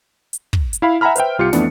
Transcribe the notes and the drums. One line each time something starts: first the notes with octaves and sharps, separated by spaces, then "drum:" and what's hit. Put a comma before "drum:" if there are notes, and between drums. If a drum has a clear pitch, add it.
drum: hi-hat
drum: kick
drum: hi-hat
E4 F5 B5
E5 F#5 G#5 A#5 B5 F6
B4 C5 E5 G5, drum: hi-hat
C2 F4 G4 C#7
F2 E3 A3 B3 D4, drum: snare